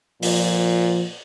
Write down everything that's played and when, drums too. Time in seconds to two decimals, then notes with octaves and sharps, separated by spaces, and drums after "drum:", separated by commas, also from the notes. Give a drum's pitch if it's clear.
0.22 A#2 F3, drum: open hi-hat